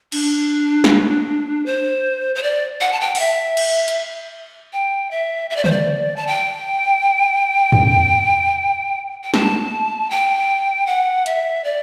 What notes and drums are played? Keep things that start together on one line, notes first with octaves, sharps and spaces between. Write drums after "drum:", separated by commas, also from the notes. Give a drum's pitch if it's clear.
D4, drum: cymbal
drum: snare
C5
C5
D5
F#5
A5
G5
F#5, drum: open hi-hat
E5
drum: cymbal
drum: hi-hat
G5
E5
E5
D5
C5, drum: tom
D5
A5
G5
drum: tom
G5
A5, drum: snare
G5
F#5
E5, drum: hi-hat
D5